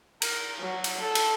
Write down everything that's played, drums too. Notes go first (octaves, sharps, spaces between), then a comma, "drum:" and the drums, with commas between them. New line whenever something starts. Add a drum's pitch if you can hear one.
A#4, drum: cymbal
F#3
drum: cymbal
A4
drum: cymbal